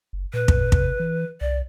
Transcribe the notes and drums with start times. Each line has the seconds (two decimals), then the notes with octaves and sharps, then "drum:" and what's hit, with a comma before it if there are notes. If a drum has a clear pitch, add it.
0.13 F#1
0.34 A#2 B4
0.48 drum: kick
0.72 C3, drum: kick
1.00 E3
1.41 C2 D5